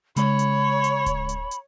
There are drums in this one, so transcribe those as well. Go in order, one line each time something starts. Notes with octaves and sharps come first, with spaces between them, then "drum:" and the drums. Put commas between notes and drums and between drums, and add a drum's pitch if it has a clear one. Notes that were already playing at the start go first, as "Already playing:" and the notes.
C#3 G#3 C#5 B5, drum: hi-hat
drum: hi-hat
drum: hi-hat
drum: kick D1, hi-hat
drum: hi-hat
drum: hi-hat